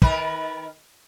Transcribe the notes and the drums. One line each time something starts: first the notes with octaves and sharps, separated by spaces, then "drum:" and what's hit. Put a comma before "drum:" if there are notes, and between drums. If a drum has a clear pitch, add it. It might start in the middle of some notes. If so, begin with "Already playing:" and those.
D#3 A#4 B4, drum: kick